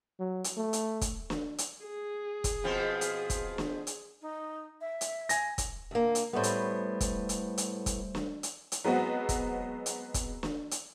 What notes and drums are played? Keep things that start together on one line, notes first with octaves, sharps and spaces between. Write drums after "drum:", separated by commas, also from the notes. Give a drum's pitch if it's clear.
F#3
drum: hi-hat
A3
drum: hi-hat
drum: kick, hi-hat
drum: snare
drum: hi-hat
G#4
drum: kick, hi-hat
B2 F3 C4
drum: hi-hat
drum: kick, hi-hat
drum: snare
drum: hi-hat
D#4
E5
drum: hi-hat
G#5 A#6, drum: hi-hat
drum: kick, hi-hat
D2 A#3
drum: hi-hat
A2 G3 A3 B3 C5
drum: hi-hat
drum: kick, hi-hat
drum: hi-hat
drum: hi-hat
drum: kick, hi-hat
drum: snare
drum: hi-hat
drum: hi-hat
F#3 G#3 B3 C4 F#4
drum: kick, hi-hat
drum: hi-hat
drum: kick, hi-hat
drum: snare
drum: hi-hat